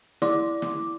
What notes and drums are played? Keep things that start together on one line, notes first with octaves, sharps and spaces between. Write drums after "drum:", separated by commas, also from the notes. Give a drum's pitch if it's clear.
E4 D5 C6 D6, drum: snare
drum: snare